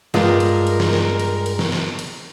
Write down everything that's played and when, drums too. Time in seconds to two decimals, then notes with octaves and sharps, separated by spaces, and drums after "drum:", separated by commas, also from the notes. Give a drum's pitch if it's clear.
0.14 G2 G#3 F4 A#4, drum: snare
0.40 drum: cymbal
0.67 drum: cymbal
0.80 drum: snare
0.93 drum: snare
1.19 drum: cymbal
1.46 drum: cymbal
1.59 drum: snare
1.72 drum: snare
1.99 drum: cymbal